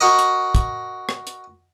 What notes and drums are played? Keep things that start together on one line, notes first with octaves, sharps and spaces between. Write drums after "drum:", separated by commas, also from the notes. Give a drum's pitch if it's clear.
F#4 A#4 D#5
drum: hi-hat
drum: kick, hi-hat
drum: rim click
drum: hi-hat